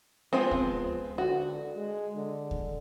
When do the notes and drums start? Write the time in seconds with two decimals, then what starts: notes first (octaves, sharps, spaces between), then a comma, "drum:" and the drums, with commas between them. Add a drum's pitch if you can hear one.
0.33 F3 G#3 B3 C4
0.51 drum: kick D2
1.18 D3 F#4
1.76 G#3
2.16 D3
2.51 drum: kick D2